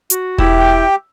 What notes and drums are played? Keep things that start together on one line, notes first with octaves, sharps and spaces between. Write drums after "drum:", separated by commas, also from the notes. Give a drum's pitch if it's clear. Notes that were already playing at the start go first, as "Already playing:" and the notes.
F#4, drum: hi-hat
E4 G4, drum: kick E1
G5